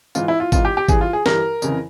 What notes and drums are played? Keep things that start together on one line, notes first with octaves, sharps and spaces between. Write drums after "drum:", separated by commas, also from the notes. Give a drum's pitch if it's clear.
G#2 E3 F4, drum: tambourine
E4
F4
G#2 E3 F4, drum: kick G#1, tambourine
G4
G4
G2 E3 G#4, drum: kick G#1, tambourine
F4
G#4
G2 E3 A#4, drum: snare
F2 C#3 E3, drum: tambourine